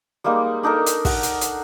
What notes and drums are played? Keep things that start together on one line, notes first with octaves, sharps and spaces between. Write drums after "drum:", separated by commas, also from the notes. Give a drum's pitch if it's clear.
G3 G#3 A#3 D#4
D4 D#4 A4 A#4
drum: hi-hat
F#5, drum: kick, open hi-hat
drum: hi-hat
drum: hi-hat